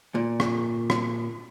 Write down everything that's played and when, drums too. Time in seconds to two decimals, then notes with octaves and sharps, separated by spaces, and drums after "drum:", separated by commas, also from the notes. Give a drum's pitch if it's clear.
0.15 A#2
0.40 drum: rim click
0.90 drum: rim click